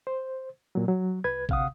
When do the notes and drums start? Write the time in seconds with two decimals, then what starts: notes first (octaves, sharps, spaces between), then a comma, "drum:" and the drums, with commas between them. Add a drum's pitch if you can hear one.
0.07 C5
0.75 A#2 F#3
0.88 F#3
1.24 C2 B4 G#6
1.49 D2 C3 F5 F#5 D#6, drum: kick A1